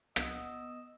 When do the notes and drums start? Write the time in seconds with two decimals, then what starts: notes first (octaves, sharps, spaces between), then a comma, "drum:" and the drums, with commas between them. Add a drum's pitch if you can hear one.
0.16 B3 D#5 E6, drum: rim click